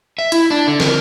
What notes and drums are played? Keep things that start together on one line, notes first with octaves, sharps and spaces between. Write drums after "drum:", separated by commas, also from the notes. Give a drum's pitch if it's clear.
E5
E4, drum: hi-hat
D4
D3
A#4, drum: snare